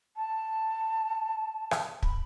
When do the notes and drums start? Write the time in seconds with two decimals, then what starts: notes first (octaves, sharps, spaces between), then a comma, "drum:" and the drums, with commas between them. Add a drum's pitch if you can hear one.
0.16 A5
1.71 drum: rim click
2.03 B5, drum: kick